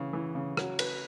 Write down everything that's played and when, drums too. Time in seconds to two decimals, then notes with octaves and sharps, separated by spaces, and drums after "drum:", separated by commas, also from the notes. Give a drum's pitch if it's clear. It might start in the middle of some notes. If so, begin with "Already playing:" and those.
Already playing: C#3 E3
0.13 E3
0.35 C#3
0.57 F#3, drum: rim click
0.79 B4, drum: cymbal